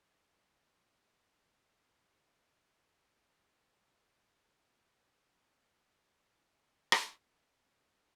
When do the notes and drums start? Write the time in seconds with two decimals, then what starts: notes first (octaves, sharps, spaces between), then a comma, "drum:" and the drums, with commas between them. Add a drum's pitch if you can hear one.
0.15 C6
0.31 G3
0.53 F#6
0.69 G#4
0.89 D#5
1.16 A#2
1.56 G#3
2.03 A3
2.28 E6
3.16 A#4
3.57 A#5
3.99 F#5
4.31 G#4
4.46 E4
4.64 D6
4.80 A5
6.92 drum: rim click
7.30 F5